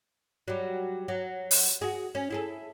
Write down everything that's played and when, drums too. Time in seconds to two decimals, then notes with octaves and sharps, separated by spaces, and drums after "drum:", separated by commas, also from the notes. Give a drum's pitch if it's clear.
0.48 F#3 G3
1.08 F#3
1.51 drum: open hi-hat
1.81 F#4 G#4
2.15 C#4
2.30 E4 G#4 A4